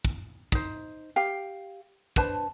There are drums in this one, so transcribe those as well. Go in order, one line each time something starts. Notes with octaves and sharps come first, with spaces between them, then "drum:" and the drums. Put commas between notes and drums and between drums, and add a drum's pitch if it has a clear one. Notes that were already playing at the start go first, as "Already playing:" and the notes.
drum: kick
D#4 C5, drum: kick
G4 F5 G5
D4 B4 C5 A5, drum: kick